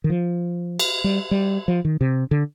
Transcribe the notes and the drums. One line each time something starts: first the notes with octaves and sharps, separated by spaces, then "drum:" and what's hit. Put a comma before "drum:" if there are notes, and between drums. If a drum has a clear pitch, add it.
D#3
F3
drum: cymbal
G3
G3
F3
D#3
C3
D3